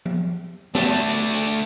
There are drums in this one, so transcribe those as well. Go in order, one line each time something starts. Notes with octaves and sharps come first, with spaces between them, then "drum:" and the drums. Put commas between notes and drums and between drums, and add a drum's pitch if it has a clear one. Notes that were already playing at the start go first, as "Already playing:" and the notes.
drum: tom F3
A3 D4, drum: snare
drum: hi-hat
drum: hi-hat
drum: hi-hat